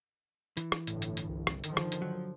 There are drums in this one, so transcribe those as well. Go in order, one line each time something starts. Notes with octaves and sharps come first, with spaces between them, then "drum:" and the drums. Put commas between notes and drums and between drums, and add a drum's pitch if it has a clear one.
E3, drum: hi-hat
drum: rim click
G1 A2, drum: hi-hat
drum: hi-hat
drum: hi-hat
C2
drum: rim click
D3 D#3 F3, drum: hi-hat
drum: rim click
drum: hi-hat
F#3